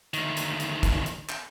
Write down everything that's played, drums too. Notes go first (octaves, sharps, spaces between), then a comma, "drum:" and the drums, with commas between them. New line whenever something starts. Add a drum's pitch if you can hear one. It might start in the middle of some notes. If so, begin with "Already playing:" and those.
D2 D#3, drum: hi-hat
drum: hi-hat
drum: hi-hat
drum: kick, hi-hat
drum: hi-hat
drum: clap